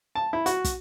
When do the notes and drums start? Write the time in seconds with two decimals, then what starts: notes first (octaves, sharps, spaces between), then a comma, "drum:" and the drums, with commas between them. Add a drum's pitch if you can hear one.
0.15 A5
0.33 E4
0.46 F#4, drum: hi-hat
0.64 drum: kick, hi-hat